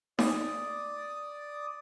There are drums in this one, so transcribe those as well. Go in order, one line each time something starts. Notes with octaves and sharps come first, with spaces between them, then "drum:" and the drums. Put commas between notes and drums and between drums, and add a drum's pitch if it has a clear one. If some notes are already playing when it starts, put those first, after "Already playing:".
D5 D#6, drum: snare D#4